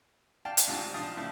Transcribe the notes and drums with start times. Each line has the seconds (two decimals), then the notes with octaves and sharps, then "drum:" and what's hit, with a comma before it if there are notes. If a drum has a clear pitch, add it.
0.45 D5 F5 G5 A5
0.57 drum: hi-hat
0.67 D2 G#2 C3 D4 F4 A5
0.94 B1 F3 D4 F5 A5 D#6
1.17 A2 C#3 F3 E4